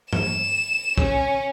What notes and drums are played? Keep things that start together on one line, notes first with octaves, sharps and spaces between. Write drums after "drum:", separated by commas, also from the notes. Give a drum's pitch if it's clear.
E7, drum: tom G2
C#4, drum: kick